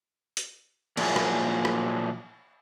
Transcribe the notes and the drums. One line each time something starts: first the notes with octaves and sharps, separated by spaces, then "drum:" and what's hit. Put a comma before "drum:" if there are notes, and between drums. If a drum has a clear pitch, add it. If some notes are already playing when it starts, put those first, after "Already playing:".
drum: hi-hat
A#2 F3 F#3 A#3 E4 G#4, drum: cymbal
drum: rim click
drum: rim click